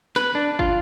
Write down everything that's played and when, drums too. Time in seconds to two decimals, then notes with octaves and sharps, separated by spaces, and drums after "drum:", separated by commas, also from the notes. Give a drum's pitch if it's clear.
0.16 B4, drum: snare
0.35 D4
0.59 F4, drum: kick